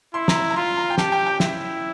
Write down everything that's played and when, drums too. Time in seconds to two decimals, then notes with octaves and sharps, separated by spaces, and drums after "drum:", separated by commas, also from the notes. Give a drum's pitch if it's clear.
0.14 E4 C6
0.28 A#5, drum: snare
0.34 C6
0.50 A#5
0.56 F4 C6
0.77 A#5
0.90 G5
0.98 G4 A5, drum: snare
1.12 G5
1.27 G5
1.40 E4 E5, drum: snare